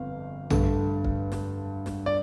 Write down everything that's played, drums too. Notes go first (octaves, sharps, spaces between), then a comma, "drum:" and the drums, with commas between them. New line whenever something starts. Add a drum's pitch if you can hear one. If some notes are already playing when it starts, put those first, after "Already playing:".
Already playing: G1 F2 F5
G2 D3 A3, drum: tom A#1
drum: kick
drum: snare
drum: snare
D5